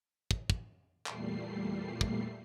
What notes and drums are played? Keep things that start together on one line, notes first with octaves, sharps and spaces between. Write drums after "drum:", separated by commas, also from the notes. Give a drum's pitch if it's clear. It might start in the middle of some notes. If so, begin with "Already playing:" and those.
drum: kick
drum: kick
E2 A#2 G3 A3 C7, drum: clap
drum: kick